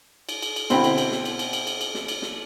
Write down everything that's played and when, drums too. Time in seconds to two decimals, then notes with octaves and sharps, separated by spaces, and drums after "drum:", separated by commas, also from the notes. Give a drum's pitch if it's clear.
0.29 drum: cymbal
0.42 drum: cymbal
0.56 drum: cymbal
0.70 B2 D3 C4 E4 G5 B5, drum: cymbal
0.84 drum: cymbal
0.98 drum: cymbal
1.12 drum: snare
1.25 drum: cymbal
1.39 drum: cymbal
1.53 drum: cymbal
1.67 drum: cymbal
1.81 drum: cymbal
1.95 drum: snare
2.08 drum: cymbal
2.22 drum: snare